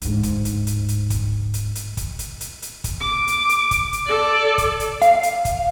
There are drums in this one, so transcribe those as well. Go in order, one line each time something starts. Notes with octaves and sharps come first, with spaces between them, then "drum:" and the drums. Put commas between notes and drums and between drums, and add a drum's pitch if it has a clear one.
D1 G#2, drum: hi-hat
drum: kick, hi-hat
drum: hi-hat
drum: hi-hat
drum: hi-hat
drum: kick, hi-hat
drum: hi-hat
drum: hi-hat
drum: kick, hi-hat
drum: hi-hat
drum: hi-hat
drum: hi-hat
drum: kick, hi-hat
D6
drum: hi-hat
drum: hi-hat
drum: kick, hi-hat
drum: hi-hat
A4 D5
drum: kick, hi-hat
drum: hi-hat
F5, drum: hi-hat
drum: hi-hat
drum: kick, hi-hat